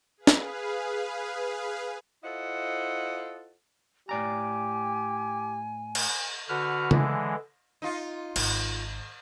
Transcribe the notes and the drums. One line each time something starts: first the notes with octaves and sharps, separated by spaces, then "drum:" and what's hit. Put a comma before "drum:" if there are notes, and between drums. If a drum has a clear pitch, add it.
G#4 B4 F5
drum: snare
E4 F4 A4 C5 D#5 F#5
A2 G4 D5 G#5 A#5
drum: cymbal
D3 F#4 B4 F6
D3 E3 G#3, drum: tom C#3
D#4 F4
G#1, drum: cymbal